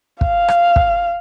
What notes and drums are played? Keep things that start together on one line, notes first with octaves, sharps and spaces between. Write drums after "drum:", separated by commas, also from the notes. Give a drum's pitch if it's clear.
F5, drum: kick
drum: rim click
drum: kick